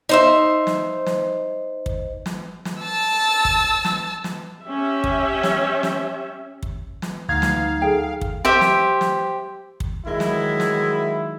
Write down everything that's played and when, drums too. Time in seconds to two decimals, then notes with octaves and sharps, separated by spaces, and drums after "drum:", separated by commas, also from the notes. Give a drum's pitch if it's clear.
0.09 D#4 C5 E5
0.67 drum: snare
1.06 drum: snare
1.86 drum: kick
2.26 drum: snare
2.65 drum: snare
2.83 A5 E6
3.45 drum: kick
3.84 drum: snare
4.24 drum: snare
4.65 C#4 G4 E5
5.04 drum: kick
5.43 drum: snare
5.83 drum: snare
6.63 drum: kick
7.02 drum: snare
7.29 D2 F#3 D#4 F5 A#5 G#6
7.42 drum: snare
7.82 G#4 A4 G5
8.21 drum: kick
8.45 G4 C5 E5
8.61 drum: snare
9.01 drum: snare
9.80 drum: kick
10.06 D#3 F#3 G#3 E4
10.20 drum: snare
10.60 drum: snare